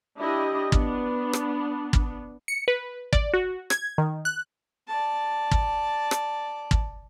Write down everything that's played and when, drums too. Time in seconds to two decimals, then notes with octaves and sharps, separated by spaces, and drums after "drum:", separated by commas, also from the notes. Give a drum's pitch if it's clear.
0.17 D4 E4 G4 D#5
0.72 B3 D4, drum: kick
1.33 drum: rim click
1.93 drum: kick
2.48 C#7
2.68 B4
3.13 D5, drum: kick
3.34 F#4
3.70 G#6, drum: rim click
3.98 D#3
4.25 F#6
4.88 D5 A5
5.51 drum: kick
6.11 drum: rim click
6.71 drum: kick